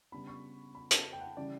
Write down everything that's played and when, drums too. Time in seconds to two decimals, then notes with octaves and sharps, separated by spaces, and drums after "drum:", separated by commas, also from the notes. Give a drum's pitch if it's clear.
0.12 C#3 G3 B3 D4 B5
0.27 C#6
0.75 B5
0.91 A5, drum: hi-hat
1.13 G5
1.21 F#5
1.37 C#3 E3 G3 C#4 D5